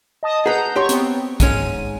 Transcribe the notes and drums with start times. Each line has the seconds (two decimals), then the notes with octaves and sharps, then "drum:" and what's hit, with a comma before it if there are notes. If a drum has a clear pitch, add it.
0.23 D#5 A5 D#6
0.46 G#4 B4 F#5 A#5 G6
0.76 G4 C#5 C6 C#6
0.89 B3 C4, drum: hi-hat
1.40 G#2 G#3 C#4 D#7, drum: kick, hi-hat